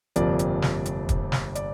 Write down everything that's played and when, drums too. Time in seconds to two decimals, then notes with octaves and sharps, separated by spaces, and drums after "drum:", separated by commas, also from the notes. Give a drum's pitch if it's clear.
0.16 G1 F2 C3 F3 A#3 D5, drum: hi-hat
0.39 drum: hi-hat
0.62 drum: snare
0.86 drum: hi-hat
1.09 drum: kick, hi-hat
1.32 drum: snare
1.55 D5, drum: hi-hat